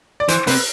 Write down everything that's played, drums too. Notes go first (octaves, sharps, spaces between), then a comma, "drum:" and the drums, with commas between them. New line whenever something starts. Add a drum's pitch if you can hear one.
D5
E3 C5, drum: hi-hat
C3 B4, drum: open hi-hat